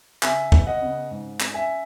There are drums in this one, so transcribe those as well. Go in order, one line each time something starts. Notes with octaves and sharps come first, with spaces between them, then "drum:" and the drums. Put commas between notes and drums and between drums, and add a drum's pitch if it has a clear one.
C#3 E5 G#5, drum: clap
B3, drum: kick
D#5 F#5
C#3
G#2
C#4, drum: clap
E5 G#5